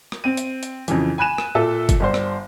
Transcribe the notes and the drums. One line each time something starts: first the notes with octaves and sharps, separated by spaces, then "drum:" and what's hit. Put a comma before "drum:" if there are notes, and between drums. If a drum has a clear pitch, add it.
drum: rim click
C4 D#7
drum: hi-hat
drum: hi-hat
F2 C#3 E3, drum: hi-hat
G#5 B5 F#6 D#7 E7
drum: rim click
A#2 A4 E5
drum: kick, hi-hat
G1 G3 C5
drum: rim click